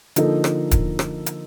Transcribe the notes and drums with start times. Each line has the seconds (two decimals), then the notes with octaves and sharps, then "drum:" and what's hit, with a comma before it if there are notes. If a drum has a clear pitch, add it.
0.16 D3 F3 A#3 D#4 A4, drum: hi-hat
0.44 drum: rim click
0.71 drum: kick, hi-hat
0.99 drum: rim click
1.26 drum: hi-hat